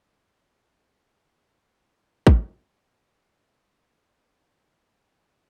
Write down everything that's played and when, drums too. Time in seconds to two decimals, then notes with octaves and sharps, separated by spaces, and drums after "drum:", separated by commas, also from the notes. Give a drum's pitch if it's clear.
0.16 A3 G#4 B4
0.38 B3
0.74 C3 F4
2.27 drum: kick
3.85 G3 G4 C#5 A5
4.18 E4
4.62 D5
5.14 E2 F#3 G4